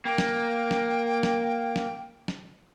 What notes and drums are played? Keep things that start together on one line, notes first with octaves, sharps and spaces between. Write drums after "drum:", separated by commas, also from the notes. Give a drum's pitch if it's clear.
A#3 G5
drum: snare
drum: snare
drum: snare
drum: snare
drum: snare